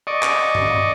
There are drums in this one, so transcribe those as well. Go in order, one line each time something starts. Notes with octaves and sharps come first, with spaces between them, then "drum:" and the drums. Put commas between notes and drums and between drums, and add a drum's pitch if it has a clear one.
D5 D#5 C#6
drum: clap
drum: tom G2